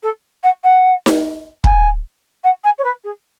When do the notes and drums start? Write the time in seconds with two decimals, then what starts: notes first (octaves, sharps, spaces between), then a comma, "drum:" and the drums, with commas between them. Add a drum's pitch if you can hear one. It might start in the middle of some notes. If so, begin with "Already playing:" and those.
0.03 A4
0.43 F#5
0.64 F#5
1.06 drum: snare D#4
1.64 G#5, drum: kick
2.44 F#5
2.64 G#5
2.78 C#5
2.84 B4
3.04 G#4